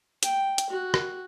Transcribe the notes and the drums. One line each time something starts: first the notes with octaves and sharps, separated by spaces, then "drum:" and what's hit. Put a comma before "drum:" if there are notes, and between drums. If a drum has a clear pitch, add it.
G5, drum: hi-hat
drum: hi-hat
F#4
drum: rim click